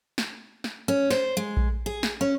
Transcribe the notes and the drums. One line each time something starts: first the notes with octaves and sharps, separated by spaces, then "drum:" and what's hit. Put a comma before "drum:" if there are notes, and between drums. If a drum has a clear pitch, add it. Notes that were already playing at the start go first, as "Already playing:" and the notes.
drum: snare
drum: snare
C#4
C5, drum: snare
G#3
drum: kick A#1
G#4
drum: snare
C#4